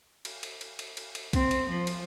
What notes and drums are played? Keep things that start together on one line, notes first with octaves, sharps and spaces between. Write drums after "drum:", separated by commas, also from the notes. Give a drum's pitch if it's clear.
drum: cymbal
drum: cymbal
drum: cymbal
drum: cymbal
drum: cymbal
drum: cymbal
C4, drum: kick B1, cymbal
drum: cymbal
F3
drum: cymbal